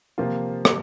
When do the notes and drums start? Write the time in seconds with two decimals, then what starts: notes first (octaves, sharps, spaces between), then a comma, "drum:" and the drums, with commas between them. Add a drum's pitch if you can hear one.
0.18 C3 F3 A#3 F4
0.65 drum: rim click